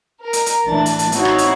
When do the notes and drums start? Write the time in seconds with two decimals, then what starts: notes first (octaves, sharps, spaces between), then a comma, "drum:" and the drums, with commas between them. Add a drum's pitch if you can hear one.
0.23 A#4
0.33 drum: hi-hat
0.46 drum: hi-hat
0.67 A1 E3 D4 A6
0.86 drum: hi-hat
0.99 drum: hi-hat
1.12 C4 D#4 E4 F#4 C#5, drum: hi-hat
1.25 drum: rim click
1.38 drum: hi-hat